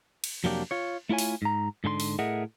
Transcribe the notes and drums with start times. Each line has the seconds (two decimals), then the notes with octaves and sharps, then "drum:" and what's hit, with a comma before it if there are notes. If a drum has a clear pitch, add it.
0.24 drum: cymbal
0.44 F2 C3 F#3 A#3 D4 G4
0.71 F4 C#5
1.09 A3 E4 F4 C#5 G#5
1.18 drum: open hi-hat
1.42 G#2 A#5
1.84 G#2 D3 G#4 C6
2.00 drum: open hi-hat
2.19 A2 G#4 A#4 D#5 E5 F#5